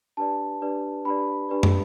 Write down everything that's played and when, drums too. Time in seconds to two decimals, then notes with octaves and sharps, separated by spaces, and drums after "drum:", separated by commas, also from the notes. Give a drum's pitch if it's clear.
0.17 D4 G4 B4 D5 A5
0.61 D4 G4 B4 D5
1.05 D4 G4 B4 D5 B5
1.49 D4 G4 B4 D5
1.63 drum: tom